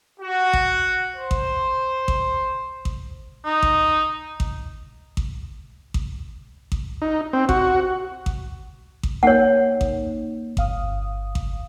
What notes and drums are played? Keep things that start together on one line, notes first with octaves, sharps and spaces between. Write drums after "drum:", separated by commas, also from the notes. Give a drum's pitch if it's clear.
F#4
drum: kick A1
C5
drum: kick A1
drum: kick A1
drum: kick A1
D#4
drum: kick A1
drum: kick A1
drum: kick A1
drum: kick A1
drum: kick A1
D#4
C4
F#4, drum: kick A1
drum: kick A1
drum: kick A1
A#3 D#4 C#5 F#5
drum: kick A1
G1 F5 D#6, drum: kick A1
drum: kick A1